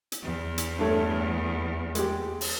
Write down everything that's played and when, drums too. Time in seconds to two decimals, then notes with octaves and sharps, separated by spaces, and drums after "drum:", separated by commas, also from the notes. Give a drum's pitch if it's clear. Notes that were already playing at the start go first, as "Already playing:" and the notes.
0.12 drum: hi-hat
0.23 E2
0.58 drum: hi-hat
0.79 G2 A3 C#5
1.95 G#3 G4, drum: hi-hat
2.41 drum: open hi-hat